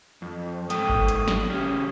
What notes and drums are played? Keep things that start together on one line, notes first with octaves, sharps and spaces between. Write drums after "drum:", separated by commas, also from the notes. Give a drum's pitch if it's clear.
F2
G#2 A4 G5 D#6, drum: hi-hat
drum: kick G1
drum: hi-hat
drum: snare
C#3 C#4 G4